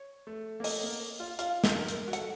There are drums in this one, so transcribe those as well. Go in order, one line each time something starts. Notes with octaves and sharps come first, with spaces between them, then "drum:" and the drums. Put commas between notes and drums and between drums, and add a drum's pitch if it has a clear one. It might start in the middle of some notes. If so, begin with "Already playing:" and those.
Already playing: C#5
A3
A#3
A3 D#5, drum: open hi-hat
A#3
F4
F4 F5, drum: hi-hat
drum: snare
A#4
drum: hi-hat
F#4
A4 F#5, drum: hi-hat